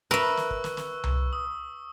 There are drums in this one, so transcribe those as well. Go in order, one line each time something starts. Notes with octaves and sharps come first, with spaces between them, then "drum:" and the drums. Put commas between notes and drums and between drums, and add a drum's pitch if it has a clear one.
A#4 B4 E5 C#6 E6
drum: snare
drum: kick
drum: snare
drum: snare
drum: tom C2
D#6